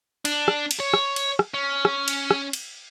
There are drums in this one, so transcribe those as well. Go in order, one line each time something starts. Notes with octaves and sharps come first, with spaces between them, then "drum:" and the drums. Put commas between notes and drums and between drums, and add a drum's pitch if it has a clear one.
D4, drum: cymbal
drum: rim click
drum: cymbal
C#5
drum: rim click
drum: cymbal
drum: rim click
C#4
drum: rim click
drum: cymbal
drum: rim click
drum: cymbal